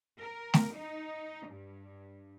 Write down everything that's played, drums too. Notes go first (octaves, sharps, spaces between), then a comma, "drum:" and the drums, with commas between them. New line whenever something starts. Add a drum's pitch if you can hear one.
A#4
drum: snare
D#4
G2